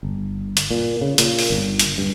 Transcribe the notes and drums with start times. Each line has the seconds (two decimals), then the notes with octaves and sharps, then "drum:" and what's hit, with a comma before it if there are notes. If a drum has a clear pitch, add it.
0.03 G1
0.57 drum: hi-hat
0.71 A#2
1.01 C#3
1.18 A#2, drum: hi-hat
1.39 drum: open hi-hat
1.50 G1
1.79 drum: hi-hat
1.98 G2